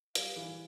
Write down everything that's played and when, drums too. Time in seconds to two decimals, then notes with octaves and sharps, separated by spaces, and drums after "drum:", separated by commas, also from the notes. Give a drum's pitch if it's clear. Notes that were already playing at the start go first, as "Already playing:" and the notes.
0.15 G3 F5, drum: hi-hat
0.36 E3